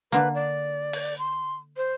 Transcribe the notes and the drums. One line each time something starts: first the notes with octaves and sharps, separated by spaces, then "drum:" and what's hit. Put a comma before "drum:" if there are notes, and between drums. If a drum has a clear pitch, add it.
D3 A#3 B4
D5
drum: open hi-hat
C6
C5